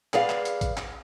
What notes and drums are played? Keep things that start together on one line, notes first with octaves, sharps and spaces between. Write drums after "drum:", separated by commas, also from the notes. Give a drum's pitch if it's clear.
G#4 B4 D5 F5, drum: clap
drum: clap
drum: hi-hat
drum: kick A1, hi-hat
drum: clap